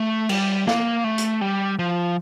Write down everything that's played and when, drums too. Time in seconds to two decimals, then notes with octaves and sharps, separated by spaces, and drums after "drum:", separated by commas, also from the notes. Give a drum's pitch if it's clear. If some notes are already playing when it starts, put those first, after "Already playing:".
Already playing: A3
0.29 G3, drum: cymbal
0.67 A#3, drum: snare
1.04 A3
1.18 drum: hi-hat
1.41 G3
1.79 F3